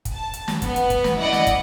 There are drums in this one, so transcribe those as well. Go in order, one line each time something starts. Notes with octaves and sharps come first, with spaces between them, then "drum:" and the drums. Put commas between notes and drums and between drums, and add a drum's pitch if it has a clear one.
drum: kick, hi-hat
A5
drum: hi-hat
drum: snare
B3, drum: kick, hi-hat
drum: hi-hat
drum: kick, hi-hat
drum: snare
E4 D5 D#5 F#5
drum: snare
drum: kick, hi-hat